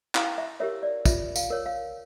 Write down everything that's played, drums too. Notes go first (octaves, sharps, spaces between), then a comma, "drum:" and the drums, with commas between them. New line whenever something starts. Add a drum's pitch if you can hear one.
E4 F5, drum: clap
E5
G4 A#4 C#5 E5
D5
F4 E5, drum: kick, tambourine
F5, drum: tambourine
A#4 C#5
F5